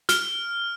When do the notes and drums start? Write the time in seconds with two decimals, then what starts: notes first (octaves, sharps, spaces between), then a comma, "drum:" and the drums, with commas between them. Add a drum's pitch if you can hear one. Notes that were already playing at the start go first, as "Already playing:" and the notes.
0.09 F6, drum: snare